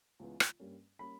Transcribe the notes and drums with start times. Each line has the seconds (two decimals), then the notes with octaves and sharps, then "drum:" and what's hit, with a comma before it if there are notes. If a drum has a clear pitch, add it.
0.20 C#2 C#3 E3 G#3 B3
0.40 drum: rim click
0.59 G2 G3 A#3 C#4
0.99 G3 A#3 C#4 B5